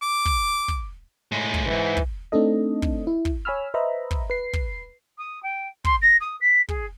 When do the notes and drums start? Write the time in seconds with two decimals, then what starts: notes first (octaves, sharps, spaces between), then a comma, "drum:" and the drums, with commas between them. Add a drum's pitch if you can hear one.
0.02 D6
0.25 drum: kick
0.68 drum: kick
1.32 A2 G#3
1.54 drum: kick
1.66 C2 G#2 E3
1.97 drum: kick
2.32 A3 C4 D4 D#4 A4 D#5
2.82 drum: kick
3.07 E4
3.25 drum: kick
3.45 C#5 G#5 B5 E6 F6
3.74 B4 C5 D#5 E5 A#5 B5
4.11 drum: kick
4.30 B4 C7
4.53 drum: kick
5.18 D#6
5.42 G5
5.84 C6, drum: kick
6.02 A#6
6.20 D#6
6.41 B6
6.69 G#4, drum: kick